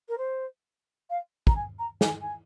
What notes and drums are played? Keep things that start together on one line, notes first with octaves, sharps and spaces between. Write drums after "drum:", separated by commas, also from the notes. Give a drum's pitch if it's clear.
A#4
C5
F5
A#5, drum: kick
G#5
A#5
G#5, drum: snare
G#5